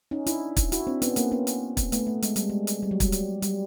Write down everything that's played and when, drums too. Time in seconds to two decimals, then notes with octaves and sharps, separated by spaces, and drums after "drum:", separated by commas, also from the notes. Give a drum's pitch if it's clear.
0.11 C#4 D#4
0.27 D4 E4, drum: hi-hat
0.57 drum: kick, hi-hat
0.72 E4 F#4, drum: hi-hat
0.87 C4 D4
1.02 B3 C#4, drum: hi-hat
1.16 A#3 C4, drum: hi-hat
1.31 B3 C#4
1.47 drum: hi-hat
1.77 drum: kick, hi-hat
1.92 A3 B3, drum: hi-hat
2.07 A3
2.22 G#3, drum: hi-hat
2.36 G3, drum: hi-hat
2.50 G#3
2.67 drum: hi-hat
2.83 G3
2.91 F#3
3.00 G3, drum: kick, hi-hat
3.12 drum: hi-hat
3.42 G3, drum: hi-hat